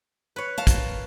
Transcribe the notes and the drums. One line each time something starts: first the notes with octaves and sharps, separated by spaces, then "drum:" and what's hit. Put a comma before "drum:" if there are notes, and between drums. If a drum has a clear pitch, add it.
B4 C#5
A#4 F5 A5
drum: kick, hi-hat